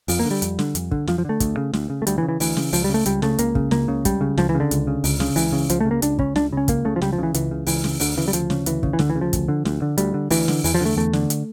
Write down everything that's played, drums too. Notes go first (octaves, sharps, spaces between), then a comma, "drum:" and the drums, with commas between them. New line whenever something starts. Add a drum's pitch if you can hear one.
F2 F3, drum: open hi-hat
A#3
D3
G3
F2, drum: hi-hat
D3, drum: snare
F2, drum: hi-hat
D3, drum: kick
F2 F3, drum: snare
F3
D3 A3
D2, drum: kick, hi-hat
C#3
D2, drum: snare
C#3
A3
D2 G3, drum: hi-hat
E3
C#3
E3
D2 E3, drum: open hi-hat
C#3, drum: snare
C#2 F3, drum: open hi-hat
G3
C#3
A3
C#2 G3, drum: hi-hat
C#3 A3, drum: snare
C#2 A#3, drum: hi-hat
C#3, drum: kick
C#2 A#3, drum: snare
C#3
C#2 G3, drum: kick, hi-hat
C#3
C#2 F3, drum: snare
E3
C#3
D3
C#2, drum: hi-hat
C#3
C#2, drum: open hi-hat
C#3, drum: snare
C#2 E3, drum: open hi-hat
C#3
C#2 F3, drum: hi-hat
C#3 A3
A#3
C#2 D4, drum: hi-hat
C#3 C#4, drum: kick
C#2 D4, drum: snare
C#3 C#4
C#2 A#3, drum: kick, hi-hat
C#3 A3
F3
C#2 G3, drum: snare
F3
C#3 E3
C#2 E3, drum: hi-hat
C#3
C#2 E3, drum: open hi-hat
C#3, drum: snare
D2 D3, drum: open hi-hat
C#3 E3
G3
D2 F3, drum: hi-hat
C#3, drum: snare
D2 E3, drum: hi-hat
C#3, drum: kick
E3
D2 D3, drum: snare
E3
C#3
F3
D2, drum: kick, hi-hat
D3
D2, drum: snare
D3
D2 G3, drum: hi-hat
D3
D2 E3, drum: open hi-hat
D3, drum: snare
E2 E3, drum: open hi-hat
F3
D3 A3
E2 A3
D3, drum: snare
drum: hi-hat